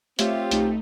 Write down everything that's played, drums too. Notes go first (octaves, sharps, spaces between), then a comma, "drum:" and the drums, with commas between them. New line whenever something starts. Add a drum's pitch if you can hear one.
A3 C4 F4 G4 C#5 E5, drum: hi-hat
B1 A3 D#4, drum: hi-hat